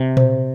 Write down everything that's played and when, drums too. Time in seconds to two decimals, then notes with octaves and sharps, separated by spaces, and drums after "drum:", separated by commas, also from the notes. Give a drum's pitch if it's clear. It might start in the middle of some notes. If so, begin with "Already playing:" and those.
Already playing: C3
0.17 C5, drum: tom A#2